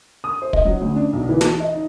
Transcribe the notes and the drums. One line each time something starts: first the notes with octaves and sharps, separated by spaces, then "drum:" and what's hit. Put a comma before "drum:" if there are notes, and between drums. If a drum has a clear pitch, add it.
D#6
C5
D#5, drum: kick
F#3
D2
D4
B1
E3
A5, drum: snare
D#5
D#4